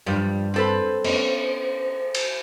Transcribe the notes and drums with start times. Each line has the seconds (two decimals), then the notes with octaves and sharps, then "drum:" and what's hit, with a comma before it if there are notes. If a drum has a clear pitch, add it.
0.06 G2 F3 G3
0.54 C4 A4 B4 C5
1.04 B3 C#4, drum: cymbal
2.15 drum: cymbal